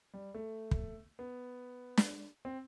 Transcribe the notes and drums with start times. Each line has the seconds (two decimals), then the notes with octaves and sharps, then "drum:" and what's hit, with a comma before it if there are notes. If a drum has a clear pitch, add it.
0.14 G3
0.34 A3
0.71 drum: kick
1.19 B3
1.97 drum: snare
2.45 C4